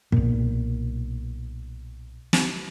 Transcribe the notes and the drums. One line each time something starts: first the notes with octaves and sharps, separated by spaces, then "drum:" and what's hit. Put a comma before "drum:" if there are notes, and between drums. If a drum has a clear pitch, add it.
B1 A#2, drum: kick
drum: snare